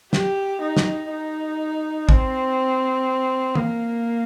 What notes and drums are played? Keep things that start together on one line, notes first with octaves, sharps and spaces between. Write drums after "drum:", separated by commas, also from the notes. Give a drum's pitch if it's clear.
G4, drum: snare
D#4
drum: snare
D#4
C4, drum: kick
A#3, drum: tom